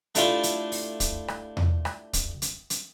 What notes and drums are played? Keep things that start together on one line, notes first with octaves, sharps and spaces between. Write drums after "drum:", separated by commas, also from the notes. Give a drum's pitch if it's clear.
A3 D4 E4 F4 G4, drum: hi-hat
drum: hi-hat
drum: open hi-hat
drum: kick, hi-hat
drum: rim click
drum: tom E2
drum: rim click
drum: kick, hi-hat
drum: hi-hat
drum: hi-hat